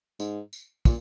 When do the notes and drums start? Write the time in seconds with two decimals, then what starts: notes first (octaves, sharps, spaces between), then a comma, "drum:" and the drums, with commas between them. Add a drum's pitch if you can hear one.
0.20 G#2, drum: tambourine
0.53 drum: tambourine
0.85 A#2, drum: kick, tambourine